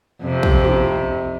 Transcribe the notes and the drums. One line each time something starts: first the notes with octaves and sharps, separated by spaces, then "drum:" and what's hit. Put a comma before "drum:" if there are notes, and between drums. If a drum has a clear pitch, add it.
F2 C3
drum: kick
drum: tom